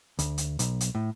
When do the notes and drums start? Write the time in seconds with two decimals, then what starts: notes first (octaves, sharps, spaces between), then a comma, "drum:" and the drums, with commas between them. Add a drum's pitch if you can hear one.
0.19 D2, drum: hi-hat
0.38 drum: hi-hat
0.59 B1, drum: hi-hat
0.81 drum: hi-hat
0.95 A2